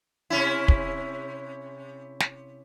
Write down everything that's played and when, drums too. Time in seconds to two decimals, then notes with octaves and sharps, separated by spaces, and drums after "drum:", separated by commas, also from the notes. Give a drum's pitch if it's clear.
0.30 C3 C#4 E4
0.68 drum: kick
2.20 drum: snare